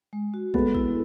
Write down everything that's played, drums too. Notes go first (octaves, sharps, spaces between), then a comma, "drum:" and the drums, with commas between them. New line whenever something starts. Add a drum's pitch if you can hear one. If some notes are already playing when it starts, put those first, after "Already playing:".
G#3
F#4
G#3 B3 A4, drum: kick
E4, drum: kick